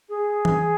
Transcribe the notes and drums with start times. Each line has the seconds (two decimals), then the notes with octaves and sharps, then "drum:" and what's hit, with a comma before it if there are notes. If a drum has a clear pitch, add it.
0.09 G#4
0.45 drum: tom E3